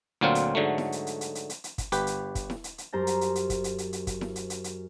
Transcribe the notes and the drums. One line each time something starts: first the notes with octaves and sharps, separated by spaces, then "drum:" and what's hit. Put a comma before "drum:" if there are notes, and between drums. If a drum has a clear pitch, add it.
D2 A#2 F#3 C4 F4
drum: hi-hat
G#2 D3 F#3 A3
drum: snare E4
drum: hi-hat
drum: hi-hat
drum: hi-hat
drum: hi-hat
drum: hi-hat
drum: hi-hat
drum: kick, hi-hat
G1 G4 B4, drum: hi-hat
drum: hi-hat
drum: kick, hi-hat
drum: snare E4
drum: hi-hat
drum: hi-hat
F#2 G4 C5 A#5 A6
drum: hi-hat
drum: hi-hat
drum: hi-hat
drum: kick, hi-hat
drum: hi-hat
drum: hi-hat
drum: hi-hat
drum: kick, hi-hat
drum: snare E4
drum: hi-hat
drum: hi-hat
drum: hi-hat